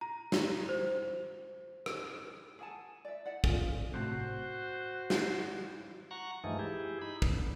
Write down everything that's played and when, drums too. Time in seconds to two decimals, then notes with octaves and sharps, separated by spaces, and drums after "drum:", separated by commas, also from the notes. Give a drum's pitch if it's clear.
0.01 A#5
0.32 drum: snare
0.69 C5
1.86 drum: rim click
2.59 G#4 F#5 G#5 A5
3.05 D5 E5
3.26 E4 D5 F#5
3.44 F4 G#4 G#5, drum: kick
3.94 A2 C3 F#4 C5 F#6
5.10 drum: snare
6.11 F#5 A#5 C#6
6.44 G2 E3 F3 G#3 A3 D#4
6.59 E4 G4 G#4
7.01 D#4 B5
7.22 D3, drum: kick